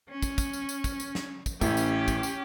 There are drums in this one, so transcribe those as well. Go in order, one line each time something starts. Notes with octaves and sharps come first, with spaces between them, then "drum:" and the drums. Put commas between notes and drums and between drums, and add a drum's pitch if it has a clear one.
C#4
drum: kick, tambourine
drum: kick, tambourine
drum: tambourine
drum: tambourine
drum: kick, tambourine
drum: tambourine
drum: snare
drum: kick, tambourine
A1 C#4 E4 G4, drum: kick, tambourine
drum: tambourine
drum: kick, tambourine
drum: tambourine